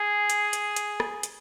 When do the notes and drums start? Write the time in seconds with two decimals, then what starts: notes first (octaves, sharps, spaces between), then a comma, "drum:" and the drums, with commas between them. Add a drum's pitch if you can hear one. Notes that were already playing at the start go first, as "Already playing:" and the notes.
Already playing: G#4
0.30 drum: hi-hat
0.53 drum: hi-hat
0.76 drum: hi-hat
1.00 drum: rim click
1.23 drum: hi-hat